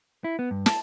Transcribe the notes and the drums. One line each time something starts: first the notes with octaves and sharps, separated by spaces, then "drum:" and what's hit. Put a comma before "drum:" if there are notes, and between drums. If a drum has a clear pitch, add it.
E4
B3
G2
A5, drum: snare